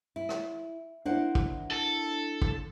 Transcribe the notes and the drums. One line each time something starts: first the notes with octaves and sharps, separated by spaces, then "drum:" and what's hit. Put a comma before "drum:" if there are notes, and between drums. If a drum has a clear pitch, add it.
E4
drum: rim click
A#3 D4 E4 C5 F#5
drum: kick
A4
drum: kick